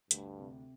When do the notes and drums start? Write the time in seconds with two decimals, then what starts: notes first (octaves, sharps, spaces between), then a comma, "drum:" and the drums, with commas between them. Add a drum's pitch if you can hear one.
0.11 D2 G2, drum: hi-hat
0.39 C3